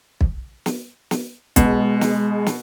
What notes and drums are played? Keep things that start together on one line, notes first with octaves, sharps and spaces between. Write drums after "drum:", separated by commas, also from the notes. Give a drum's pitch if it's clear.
drum: kick
drum: snare
drum: snare
B2 G#3, drum: kick, hi-hat
drum: snare
drum: snare